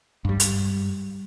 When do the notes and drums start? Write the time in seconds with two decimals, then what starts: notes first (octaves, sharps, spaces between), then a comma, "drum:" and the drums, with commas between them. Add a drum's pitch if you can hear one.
0.25 G2 G3
0.40 drum: hi-hat